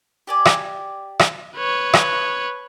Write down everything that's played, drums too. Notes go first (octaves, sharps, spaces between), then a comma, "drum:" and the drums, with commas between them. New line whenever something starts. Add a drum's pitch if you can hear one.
G4 D5 G#5
drum: rim click
drum: rim click
B4 C#5
A5 D#6 F#6, drum: rim click